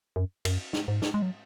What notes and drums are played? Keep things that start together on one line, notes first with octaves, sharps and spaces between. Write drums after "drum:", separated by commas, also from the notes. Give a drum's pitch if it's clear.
F#2
F#2, drum: cymbal
drum: snare
G#2
drum: snare
G#3
F#3